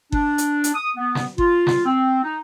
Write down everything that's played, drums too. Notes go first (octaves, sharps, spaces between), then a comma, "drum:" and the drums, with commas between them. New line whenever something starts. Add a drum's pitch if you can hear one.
D4, drum: kick G1
drum: hi-hat
drum: hi-hat
D#6
B3
drum: snare
F4, drum: kick G1
drum: snare
C4
D#4